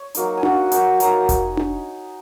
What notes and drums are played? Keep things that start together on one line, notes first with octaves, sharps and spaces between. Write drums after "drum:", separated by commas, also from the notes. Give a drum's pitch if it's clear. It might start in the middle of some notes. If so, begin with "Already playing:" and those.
Already playing: C#5
F#3 A#3 D#4, drum: hi-hat
G#5
F#3 A#3 D#4 F#5, drum: tom D4
F#3 A#3 D#4 G#5, drum: hi-hat
F#3 A#3 D#4 A#5, drum: hi-hat
drum: kick F1, hi-hat
drum: tom D4